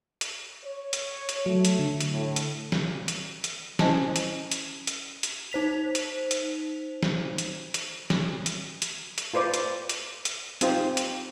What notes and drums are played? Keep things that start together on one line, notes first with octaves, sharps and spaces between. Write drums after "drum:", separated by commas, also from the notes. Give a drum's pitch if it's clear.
drum: hi-hat
C#5
drum: hi-hat
drum: hi-hat
F#3 A3
drum: hi-hat
D3
drum: hi-hat
A2
drum: hi-hat
drum: snare
drum: hi-hat
drum: hi-hat
C#4 E4 C5 D#5 G#5 A5, drum: snare
drum: hi-hat
drum: hi-hat
drum: hi-hat
drum: hi-hat
D#4 C5 B6 F7
drum: hi-hat
drum: hi-hat
drum: snare
drum: hi-hat
drum: hi-hat
drum: snare
drum: hi-hat
drum: hi-hat
drum: hi-hat
F4 B4 C5 D5
drum: hi-hat
drum: hi-hat
drum: hi-hat
C4 D#4 F4 G4 C5, drum: hi-hat
drum: hi-hat